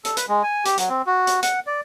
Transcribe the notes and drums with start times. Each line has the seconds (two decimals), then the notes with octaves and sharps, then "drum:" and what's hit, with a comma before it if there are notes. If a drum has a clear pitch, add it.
0.05 A4, drum: hi-hat
0.17 B4, drum: hi-hat
0.29 G#3
0.43 G#5
0.65 G4, drum: hi-hat
0.78 F#3, drum: hi-hat
0.89 C4
1.07 F#4
1.27 drum: hi-hat
1.43 F#5, drum: hi-hat
1.67 D5